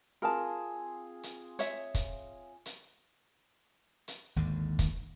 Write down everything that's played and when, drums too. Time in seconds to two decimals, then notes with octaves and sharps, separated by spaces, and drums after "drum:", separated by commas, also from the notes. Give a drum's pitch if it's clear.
0.22 C4 F4 G#4 A#4 A5
1.23 drum: hi-hat
1.59 C#5 E5, drum: hi-hat
1.95 drum: kick, hi-hat
2.66 drum: hi-hat
4.08 drum: hi-hat
4.36 G#1 D#2 G#2 D3
4.79 drum: kick, hi-hat